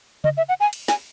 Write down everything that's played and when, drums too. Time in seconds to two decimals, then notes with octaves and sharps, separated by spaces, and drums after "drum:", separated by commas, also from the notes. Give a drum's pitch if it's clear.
0.24 D#5, drum: tom C#3
0.37 E5
0.49 F#5
0.60 G#5
0.73 drum: cymbal
0.88 G#5, drum: snare